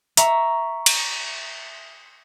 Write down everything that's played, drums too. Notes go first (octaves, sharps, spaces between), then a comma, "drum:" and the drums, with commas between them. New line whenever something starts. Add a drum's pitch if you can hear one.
E5 A#5 C#6, drum: hi-hat
drum: cymbal